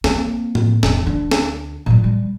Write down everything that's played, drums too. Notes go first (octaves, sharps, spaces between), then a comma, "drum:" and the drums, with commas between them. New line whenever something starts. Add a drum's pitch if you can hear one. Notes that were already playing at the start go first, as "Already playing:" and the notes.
A#3 C4, drum: snare
drum: tom A2
E1, drum: snare
D2 D4
drum: snare
A#2 F#3
G3